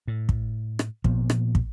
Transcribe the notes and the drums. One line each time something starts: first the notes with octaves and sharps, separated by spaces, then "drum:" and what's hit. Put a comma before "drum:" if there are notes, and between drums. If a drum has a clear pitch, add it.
A2
drum: kick
drum: rim click
A#2 F3 B3, drum: kick
drum: rim click
drum: kick